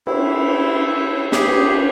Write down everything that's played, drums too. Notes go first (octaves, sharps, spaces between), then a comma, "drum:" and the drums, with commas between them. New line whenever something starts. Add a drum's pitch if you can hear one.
E4, drum: cymbal
G4 G#4, drum: snare
drum: cymbal